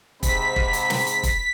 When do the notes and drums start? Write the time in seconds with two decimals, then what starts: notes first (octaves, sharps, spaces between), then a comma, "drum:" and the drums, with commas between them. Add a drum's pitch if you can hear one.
0.23 G#2 C3 C4 B5 B6, drum: kick, hi-hat
0.56 drum: kick
0.73 drum: hi-hat
0.90 drum: snare
1.07 drum: hi-hat
1.23 drum: kick, hi-hat